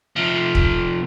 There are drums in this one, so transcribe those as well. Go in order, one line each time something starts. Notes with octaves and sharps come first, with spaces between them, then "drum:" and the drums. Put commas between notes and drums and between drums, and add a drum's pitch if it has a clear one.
C3 F3
drum: kick